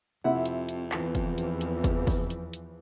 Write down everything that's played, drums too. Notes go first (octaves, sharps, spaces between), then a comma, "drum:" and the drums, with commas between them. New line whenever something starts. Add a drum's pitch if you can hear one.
F2 C3 E4 F#5
drum: hi-hat
drum: hi-hat
E2 E3 F3, drum: clap
drum: kick, hi-hat
drum: hi-hat
drum: hi-hat
drum: kick, hi-hat
drum: kick, open hi-hat
drum: hi-hat
drum: hi-hat